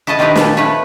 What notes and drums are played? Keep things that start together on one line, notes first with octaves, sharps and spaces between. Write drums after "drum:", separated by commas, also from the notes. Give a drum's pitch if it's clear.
E4 F#4 A4 D#5 A5
D#3 C4 D4 G4 A#4 B4
A#2 A4, drum: snare
A3 C#4 B4 C#5